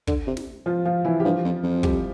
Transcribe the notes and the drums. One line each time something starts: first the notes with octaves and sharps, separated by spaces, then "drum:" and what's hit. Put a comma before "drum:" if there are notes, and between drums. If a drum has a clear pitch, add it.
D3, drum: kick
C3
drum: snare
F3 F4
F3 F4
E3 E4
G4
G2 F3 F4
F2
F2
G3 G4, drum: kick